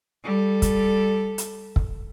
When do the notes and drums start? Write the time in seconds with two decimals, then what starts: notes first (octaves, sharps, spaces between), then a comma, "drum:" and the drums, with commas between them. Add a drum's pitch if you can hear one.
0.24 G3 A4
0.62 drum: kick, hi-hat
1.38 drum: hi-hat
1.76 drum: kick